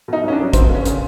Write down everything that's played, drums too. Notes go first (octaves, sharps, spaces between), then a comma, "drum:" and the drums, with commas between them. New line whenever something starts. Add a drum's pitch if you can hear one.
B2 D#4
C2 C#4
D4
F#3
B3 C4, drum: kick, hi-hat
D#2
C#4
C#3, drum: hi-hat